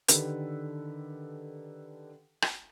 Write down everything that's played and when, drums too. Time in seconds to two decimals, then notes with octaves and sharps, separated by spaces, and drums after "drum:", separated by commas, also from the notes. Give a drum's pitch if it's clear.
0.08 D3 D#3 G4 A4 B4, drum: hi-hat
2.42 drum: rim click